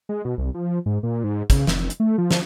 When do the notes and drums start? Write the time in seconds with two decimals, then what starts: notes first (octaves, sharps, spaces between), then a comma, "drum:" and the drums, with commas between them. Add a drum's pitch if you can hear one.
0.09 G#3
0.25 B2
0.38 C2
0.55 F3
0.86 G#2
1.03 A#2
1.24 G#2
1.50 C#3, drum: kick, hi-hat
1.67 F1, drum: snare
1.90 drum: hi-hat
2.00 A3
2.18 F3
2.31 drum: snare